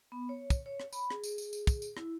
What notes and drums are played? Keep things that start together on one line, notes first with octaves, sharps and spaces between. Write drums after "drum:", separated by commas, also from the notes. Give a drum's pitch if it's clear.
B3
C#5
drum: kick, tambourine
C#5
drum: rim click
B5, drum: tambourine
G#4, drum: rim click
drum: tambourine
drum: tambourine
drum: tambourine
drum: kick, tambourine
drum: tambourine
E4, drum: rim click